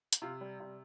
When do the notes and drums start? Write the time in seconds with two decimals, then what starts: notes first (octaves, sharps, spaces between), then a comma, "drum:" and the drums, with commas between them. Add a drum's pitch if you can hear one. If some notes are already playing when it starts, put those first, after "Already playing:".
0.13 drum: hi-hat
0.22 C3 F4
0.41 G3
0.60 C3